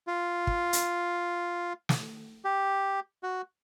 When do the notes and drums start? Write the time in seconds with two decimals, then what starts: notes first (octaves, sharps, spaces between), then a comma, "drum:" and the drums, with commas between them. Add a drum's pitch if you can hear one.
0.07 F4
0.47 drum: kick
0.73 drum: hi-hat
1.89 drum: snare
2.45 G4
3.23 F#4